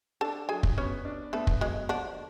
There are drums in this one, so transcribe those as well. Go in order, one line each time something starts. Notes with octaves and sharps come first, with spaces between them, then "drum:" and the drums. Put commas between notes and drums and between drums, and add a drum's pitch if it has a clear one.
D4 A4 A5
F#3 G#4 G#5
drum: kick
B3 C#4 C#5
D4
A3 B3 A4
drum: kick
F#3 G#3 G#4
D3 F3 D4